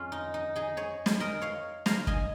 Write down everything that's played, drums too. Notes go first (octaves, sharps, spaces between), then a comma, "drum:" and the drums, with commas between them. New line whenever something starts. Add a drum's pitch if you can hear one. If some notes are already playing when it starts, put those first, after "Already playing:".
Already playing: F2 F3 G#3 C#4 F4
D#4
D#4
D#4 G#4
G#4 C#5
drum: snare
A#4 D#5
C#5 F5
F5 A#5, drum: snare
D#5 G#5, drum: kick